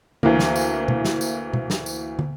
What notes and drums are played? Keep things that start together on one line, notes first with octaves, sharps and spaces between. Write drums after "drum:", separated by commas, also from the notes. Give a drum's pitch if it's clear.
D2 E3 A#3, drum: tom
drum: snare
drum: tambourine
drum: tom B2
drum: snare
drum: tambourine
drum: tom B2
drum: snare
drum: tambourine
drum: tom